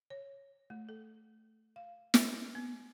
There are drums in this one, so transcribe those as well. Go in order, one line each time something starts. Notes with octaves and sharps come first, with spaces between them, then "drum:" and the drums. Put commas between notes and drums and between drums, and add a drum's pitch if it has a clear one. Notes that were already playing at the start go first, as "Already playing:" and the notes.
C#5
A3
A4
F5
drum: snare
B3